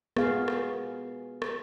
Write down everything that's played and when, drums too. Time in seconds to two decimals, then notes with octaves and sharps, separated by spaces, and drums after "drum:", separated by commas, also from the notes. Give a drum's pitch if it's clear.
0.17 B3 G#4 F5, drum: rim click
0.48 drum: rim click
1.42 drum: rim click